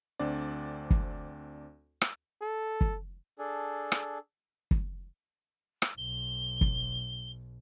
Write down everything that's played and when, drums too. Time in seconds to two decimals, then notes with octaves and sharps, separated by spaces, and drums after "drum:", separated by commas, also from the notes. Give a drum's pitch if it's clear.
0.20 D2 C4 D4 D5
0.90 drum: kick
2.01 drum: rim click
2.42 A4
2.81 drum: kick
3.39 D4 G#4 A4
3.92 drum: rim click
4.71 drum: kick
5.82 drum: rim click
5.98 B1 G7
6.61 drum: kick